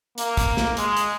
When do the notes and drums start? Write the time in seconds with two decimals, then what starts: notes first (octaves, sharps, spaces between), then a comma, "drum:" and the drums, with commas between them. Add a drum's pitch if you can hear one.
0.18 A#3, drum: hi-hat
0.37 drum: kick, hi-hat
0.57 drum: snare
0.77 G#3, drum: hi-hat
0.97 drum: hi-hat